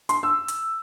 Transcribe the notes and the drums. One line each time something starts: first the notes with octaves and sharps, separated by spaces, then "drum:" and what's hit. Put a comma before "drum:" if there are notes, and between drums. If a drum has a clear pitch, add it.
C6, drum: hi-hat
E6
drum: hi-hat